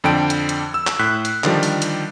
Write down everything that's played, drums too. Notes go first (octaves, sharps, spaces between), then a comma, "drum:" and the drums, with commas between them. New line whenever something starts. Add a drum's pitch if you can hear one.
F2 D3 G5 D7
drum: hi-hat
drum: hi-hat
E6
drum: clap
A2 F#6 B6
drum: hi-hat
D3 D#3 F3 G3 G4, drum: clap
drum: open hi-hat
drum: hi-hat